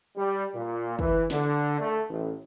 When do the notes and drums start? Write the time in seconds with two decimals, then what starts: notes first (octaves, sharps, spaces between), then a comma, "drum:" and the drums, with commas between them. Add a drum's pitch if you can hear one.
0.16 G3
0.54 A#2
0.99 E3, drum: kick
1.30 D3, drum: snare
1.79 A3
2.09 A1